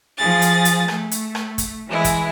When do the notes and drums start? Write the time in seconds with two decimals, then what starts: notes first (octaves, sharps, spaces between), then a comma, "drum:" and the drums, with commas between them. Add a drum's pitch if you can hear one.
0.17 F3 G#4 A6
0.42 drum: hi-hat
0.65 drum: hi-hat
0.88 A3, drum: rim click
1.11 drum: hi-hat
1.35 drum: rim click
1.58 drum: kick, hi-hat
1.88 E3 G#3 E4
2.04 drum: kick, hi-hat